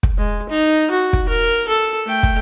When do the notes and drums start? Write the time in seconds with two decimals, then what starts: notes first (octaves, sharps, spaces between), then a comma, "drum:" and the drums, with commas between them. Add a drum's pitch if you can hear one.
0.03 drum: kick
0.18 G#3
0.49 D#4
0.91 F#4
1.13 drum: kick
1.29 A#4
1.68 A4
2.06 A3 G5
2.23 drum: kick